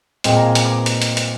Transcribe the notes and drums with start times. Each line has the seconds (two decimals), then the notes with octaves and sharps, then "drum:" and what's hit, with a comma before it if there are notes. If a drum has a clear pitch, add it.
0.24 A#2 G#3 C4 D#5 G5, drum: hi-hat
0.37 A#5
0.45 F5 G#5
0.55 drum: hi-hat
0.65 A#5 D6
0.86 drum: hi-hat
1.02 drum: hi-hat
1.17 drum: hi-hat